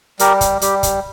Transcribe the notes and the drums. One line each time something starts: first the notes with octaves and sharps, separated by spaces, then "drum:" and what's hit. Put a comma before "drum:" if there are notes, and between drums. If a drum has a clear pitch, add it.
G3 G4 A#4, drum: hi-hat
drum: kick, hi-hat
G3 G4, drum: hi-hat
drum: kick, hi-hat